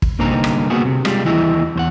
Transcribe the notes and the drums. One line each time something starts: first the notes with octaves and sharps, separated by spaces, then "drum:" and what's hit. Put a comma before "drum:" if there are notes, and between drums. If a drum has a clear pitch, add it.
drum: kick
C2 D3 A#3 C4 D#4 A#5
drum: rim click
A#3 B3 F#4 G#4
C3
G3 G#3 F4, drum: rim click
D#2 E3 E4 D#5 E5
E2 C5 F#5